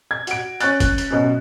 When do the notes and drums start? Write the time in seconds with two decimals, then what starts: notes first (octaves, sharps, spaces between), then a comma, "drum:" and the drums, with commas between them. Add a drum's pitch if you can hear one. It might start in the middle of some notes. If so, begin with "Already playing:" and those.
0.11 G#6
0.27 F#4 D7, drum: hi-hat
0.60 C#4 C#6 F#6 A6, drum: hi-hat
0.80 drum: kick, hi-hat
0.98 drum: hi-hat
1.10 F#2 B2